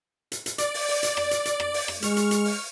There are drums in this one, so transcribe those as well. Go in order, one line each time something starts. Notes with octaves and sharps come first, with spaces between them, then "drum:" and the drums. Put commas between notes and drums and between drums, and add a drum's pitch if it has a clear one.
drum: hi-hat
drum: hi-hat
D5, drum: hi-hat
drum: open hi-hat
drum: open hi-hat
drum: hi-hat
drum: rim click
drum: hi-hat
drum: hi-hat
drum: rim click
drum: open hi-hat
drum: rim click
G#3 C#6 F6, drum: hi-hat
drum: hi-hat
drum: hi-hat
drum: open hi-hat